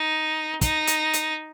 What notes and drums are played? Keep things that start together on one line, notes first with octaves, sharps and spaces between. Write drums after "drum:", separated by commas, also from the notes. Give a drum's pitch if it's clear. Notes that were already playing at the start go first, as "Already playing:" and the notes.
Already playing: D#4
D#4, drum: kick, hi-hat
drum: hi-hat
drum: hi-hat